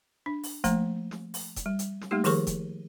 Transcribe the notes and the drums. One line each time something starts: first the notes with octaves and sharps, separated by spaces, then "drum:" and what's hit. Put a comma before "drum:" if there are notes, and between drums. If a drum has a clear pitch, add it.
D4
drum: open hi-hat
F3 A3 A#3 A#5, drum: kick E1, hi-hat
drum: snare
drum: open hi-hat
drum: kick E1, hi-hat
G3
drum: hi-hat
drum: snare
G3 A3 A#3 D#4 G4
D#3 F3 G4 G#4 A#4 C#6, drum: open hi-hat
drum: kick E1, hi-hat